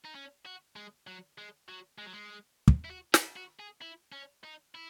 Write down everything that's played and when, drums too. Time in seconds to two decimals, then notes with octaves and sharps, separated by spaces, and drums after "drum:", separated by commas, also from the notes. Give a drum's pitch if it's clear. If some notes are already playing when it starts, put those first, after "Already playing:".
0.05 D#4
0.15 C#4
0.46 F#4
0.76 G#3
1.07 F#3
1.38 G#3
1.69 F#3
1.98 G#3
2.06 F#3
2.13 G#3
2.68 drum: kick
2.85 E4
2.91 F#4
3.14 G#4, drum: snare
3.37 F#4
3.60 G#4
3.82 E4
4.12 C#4
4.44 D#4
4.75 E4